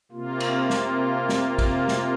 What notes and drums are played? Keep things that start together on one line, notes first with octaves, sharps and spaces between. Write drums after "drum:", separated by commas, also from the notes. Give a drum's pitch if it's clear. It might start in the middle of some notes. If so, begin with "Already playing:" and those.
C3 A#3 F4
drum: cymbal
drum: snare
drum: snare
drum: kick, cymbal
drum: snare